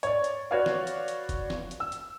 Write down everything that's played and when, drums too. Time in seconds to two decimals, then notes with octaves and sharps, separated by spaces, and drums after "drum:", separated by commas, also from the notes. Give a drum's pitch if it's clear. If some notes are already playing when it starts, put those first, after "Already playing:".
0.03 C#5 D5, drum: hi-hat
0.24 drum: hi-hat
0.51 F#4 B4 C#5 D5 F5
0.66 drum: snare
0.87 drum: hi-hat
1.08 drum: hi-hat
1.29 drum: kick, hi-hat
1.50 drum: snare
1.71 drum: hi-hat
1.80 E6
1.92 drum: hi-hat